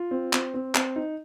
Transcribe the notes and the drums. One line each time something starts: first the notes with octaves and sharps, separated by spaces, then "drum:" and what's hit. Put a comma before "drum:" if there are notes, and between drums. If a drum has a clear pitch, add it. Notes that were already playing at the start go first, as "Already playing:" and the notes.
Already playing: F4
C4
C4, drum: clap
C4
C4, drum: clap
D#4